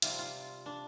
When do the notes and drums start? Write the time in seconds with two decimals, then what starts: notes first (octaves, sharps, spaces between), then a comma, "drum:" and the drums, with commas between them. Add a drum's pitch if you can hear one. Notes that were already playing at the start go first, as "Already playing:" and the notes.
0.02 C3 G3 F4, drum: hi-hat
0.19 F4
0.66 D4